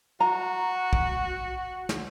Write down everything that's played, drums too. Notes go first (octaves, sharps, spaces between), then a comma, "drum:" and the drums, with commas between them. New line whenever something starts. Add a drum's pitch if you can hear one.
F#4 A#5
drum: kick
drum: snare